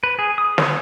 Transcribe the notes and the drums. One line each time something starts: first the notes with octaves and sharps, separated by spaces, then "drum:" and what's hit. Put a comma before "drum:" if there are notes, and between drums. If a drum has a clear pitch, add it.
B4
G#4
D#6
C#5, drum: snare